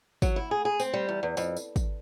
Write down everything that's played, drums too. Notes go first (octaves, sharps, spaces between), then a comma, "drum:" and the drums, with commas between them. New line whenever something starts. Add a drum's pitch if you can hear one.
F#3, drum: kick, tambourine
E4
G#4
G#4
C4, drum: tambourine
G3
E2
E2
F2, drum: tambourine
drum: tambourine
drum: kick, tambourine